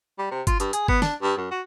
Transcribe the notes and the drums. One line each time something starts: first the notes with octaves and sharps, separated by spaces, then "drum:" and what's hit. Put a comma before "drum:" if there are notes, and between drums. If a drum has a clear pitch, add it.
G3
C3
F4, drum: kick G1, hi-hat
G2, drum: hi-hat
G#4, drum: hi-hat
B3, drum: kick G1
D4, drum: snare
G2
F#2
F#4